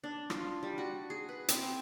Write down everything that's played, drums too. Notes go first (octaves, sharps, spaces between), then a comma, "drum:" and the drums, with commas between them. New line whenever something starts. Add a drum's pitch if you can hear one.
D4
F4, drum: rim click
G3
F#4
G#4
B4
C4, drum: hi-hat